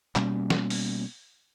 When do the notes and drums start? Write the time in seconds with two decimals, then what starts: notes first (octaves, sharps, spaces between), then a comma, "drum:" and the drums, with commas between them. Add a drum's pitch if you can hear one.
0.16 B2 G3 A#3 C#4, drum: clap
0.50 drum: snare
0.70 drum: open hi-hat